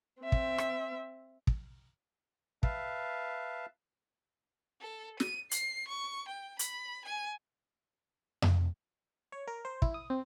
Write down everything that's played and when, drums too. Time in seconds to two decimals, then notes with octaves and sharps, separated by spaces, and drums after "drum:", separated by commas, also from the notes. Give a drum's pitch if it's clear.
0.22 C4 E5
0.32 drum: kick
0.58 drum: rim click
1.47 drum: kick
2.63 B4 E5 F5 A5, drum: kick
4.81 A4
5.20 D#7, drum: snare
5.51 C7, drum: hi-hat
5.88 C#6
6.29 G5
6.59 B5, drum: hi-hat
7.06 G#5
8.42 drum: tom F2
9.32 C#5
9.48 A#4
9.65 C5
9.82 E4, drum: kick
9.94 D#6
10.10 C4